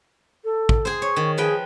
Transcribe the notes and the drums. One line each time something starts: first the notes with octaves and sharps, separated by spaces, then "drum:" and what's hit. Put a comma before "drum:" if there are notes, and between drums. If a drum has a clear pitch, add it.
A4
drum: kick
G#4 C5
C#5 C#6
D#3
F3 G#4 B4 G5